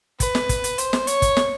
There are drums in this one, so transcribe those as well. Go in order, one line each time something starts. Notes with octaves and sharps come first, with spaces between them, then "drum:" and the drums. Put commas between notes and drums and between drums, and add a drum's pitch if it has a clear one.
B4, drum: kick, hi-hat
drum: snare
drum: kick, hi-hat
drum: hi-hat
C5, drum: hi-hat
drum: snare
C#5, drum: hi-hat
drum: kick, hi-hat
drum: snare